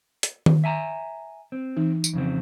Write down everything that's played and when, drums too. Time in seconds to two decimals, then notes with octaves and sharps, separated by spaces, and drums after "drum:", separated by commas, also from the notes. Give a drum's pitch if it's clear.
0.23 drum: hi-hat
0.46 drum: tom D#3
0.64 E5 G#5 A#5
1.52 C4
1.77 E3 D#4
2.04 drum: tambourine
2.13 F2 C#3 C4